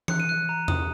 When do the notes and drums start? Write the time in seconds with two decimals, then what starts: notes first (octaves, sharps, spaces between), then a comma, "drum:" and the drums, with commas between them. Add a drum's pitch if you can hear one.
0.08 F#6 C#7, drum: tom E3
0.20 D#7
0.29 F#6
0.49 A#5
0.68 D#6, drum: tom E2